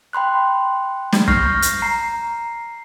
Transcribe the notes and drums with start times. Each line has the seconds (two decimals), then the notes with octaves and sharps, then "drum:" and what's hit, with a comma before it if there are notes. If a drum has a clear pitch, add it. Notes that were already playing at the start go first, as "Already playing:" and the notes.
0.13 G5 B5 C6 F#6
1.12 drum: snare
1.28 C#6 F6 G6 A#6 C7, drum: kick
1.62 drum: hi-hat
1.82 A#5 C7